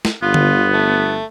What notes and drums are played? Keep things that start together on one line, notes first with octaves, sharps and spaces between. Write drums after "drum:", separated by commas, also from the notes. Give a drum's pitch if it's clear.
drum: snare
G1 B3 F4
drum: tom D3
A3